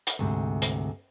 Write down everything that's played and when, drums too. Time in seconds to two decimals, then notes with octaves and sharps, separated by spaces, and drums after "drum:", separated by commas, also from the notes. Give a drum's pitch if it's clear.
0.07 drum: hi-hat
0.19 D2 G#2 C3
0.62 drum: hi-hat